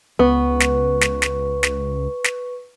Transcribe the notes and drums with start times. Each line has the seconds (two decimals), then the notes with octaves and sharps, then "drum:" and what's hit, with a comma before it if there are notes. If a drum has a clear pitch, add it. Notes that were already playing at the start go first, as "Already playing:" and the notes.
0.19 C#2 B3 B4 C#6
0.60 drum: snare
1.01 drum: snare
1.22 drum: snare
1.63 drum: snare
2.24 drum: snare